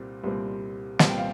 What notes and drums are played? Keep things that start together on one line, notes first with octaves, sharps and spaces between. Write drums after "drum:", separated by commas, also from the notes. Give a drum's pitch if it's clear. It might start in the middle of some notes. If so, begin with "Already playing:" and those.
Already playing: C2 A#2 G3 C4
C2 A#2 G3 C4
C2 A#2 G3 C4 A5, drum: snare
G5
F5